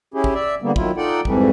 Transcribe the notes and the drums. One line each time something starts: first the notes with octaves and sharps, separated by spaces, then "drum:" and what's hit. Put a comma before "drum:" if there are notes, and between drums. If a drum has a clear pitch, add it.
C#4 E4 G4 G#4
drum: kick
D5 E5
D3 G3 A#3 B3
D#3 F#3 E4 F4, drum: kick
D#4 F4 A4 D5 F#5 G5
F2 G#2 E3 G3 A3, drum: kick